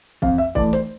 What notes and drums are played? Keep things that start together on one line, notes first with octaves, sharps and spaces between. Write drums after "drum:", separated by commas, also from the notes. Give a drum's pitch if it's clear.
F2 F5, drum: kick
E5
E3 A3 D5, drum: kick
C5, drum: snare